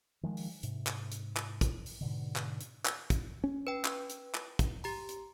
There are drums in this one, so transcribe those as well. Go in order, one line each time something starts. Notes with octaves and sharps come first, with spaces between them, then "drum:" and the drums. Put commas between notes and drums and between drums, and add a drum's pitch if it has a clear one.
D#3 F3 G#3
drum: open hi-hat
G#2 C3, drum: hi-hat
drum: clap
drum: hi-hat
drum: clap
drum: kick, hi-hat
drum: open hi-hat
G#2 B2 D3
drum: clap
drum: hi-hat
drum: clap
drum: kick, hi-hat
C#4
B4 G5
drum: clap
drum: hi-hat
drum: clap
drum: kick, hi-hat
G4 A#5, drum: open hi-hat
drum: hi-hat